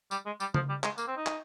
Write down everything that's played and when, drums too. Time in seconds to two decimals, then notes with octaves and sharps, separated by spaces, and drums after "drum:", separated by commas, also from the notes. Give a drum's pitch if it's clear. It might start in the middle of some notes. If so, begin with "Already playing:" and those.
0.11 G3, drum: tambourine
0.26 G#3
0.40 G3, drum: tambourine
0.54 F3, drum: tom C#3
0.69 G3
0.84 G#3, drum: clap
0.98 A#3, drum: tambourine
1.07 C4
1.17 D#4
1.26 drum: clap